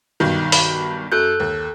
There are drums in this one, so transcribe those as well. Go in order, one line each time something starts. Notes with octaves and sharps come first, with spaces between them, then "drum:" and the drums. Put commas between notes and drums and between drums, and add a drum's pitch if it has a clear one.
B1 G2 D#3
B5, drum: open hi-hat
F#2 A4 F#6 G6
D#2